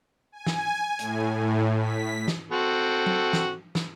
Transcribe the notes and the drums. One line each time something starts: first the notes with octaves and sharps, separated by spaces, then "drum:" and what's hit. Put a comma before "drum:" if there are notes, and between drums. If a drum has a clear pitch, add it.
G#5
drum: snare
A2, drum: hi-hat
A2
B6
drum: snare
C4 F#4 A4
drum: tom
drum: snare
drum: snare